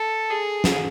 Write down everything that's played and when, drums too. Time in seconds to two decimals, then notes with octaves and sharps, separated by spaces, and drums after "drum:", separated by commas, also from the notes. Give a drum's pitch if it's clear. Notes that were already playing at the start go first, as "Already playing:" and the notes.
Already playing: A4
0.30 G#4
0.64 drum: snare